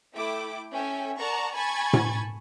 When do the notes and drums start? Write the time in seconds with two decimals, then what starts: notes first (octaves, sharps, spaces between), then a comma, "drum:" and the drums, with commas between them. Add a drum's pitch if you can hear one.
0.14 A3 E4 G5 D6
0.72 C#4 A4 E5 G5 G#5
1.18 A#4 D5 F#5 A5 A#5 C#6
1.54 G#5 A5 B5 C#6 G#6 A6
1.93 drum: tom A2